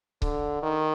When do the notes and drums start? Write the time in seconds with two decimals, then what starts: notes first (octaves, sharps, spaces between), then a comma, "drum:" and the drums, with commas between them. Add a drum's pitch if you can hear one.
0.22 D3, drum: kick C#1
0.63 D#3